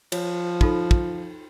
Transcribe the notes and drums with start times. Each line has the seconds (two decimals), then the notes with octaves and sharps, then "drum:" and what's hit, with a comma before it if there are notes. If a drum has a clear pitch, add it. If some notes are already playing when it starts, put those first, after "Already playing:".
0.12 F3 C#5, drum: cymbal
0.61 D#4 F4 A4, drum: kick
0.91 drum: kick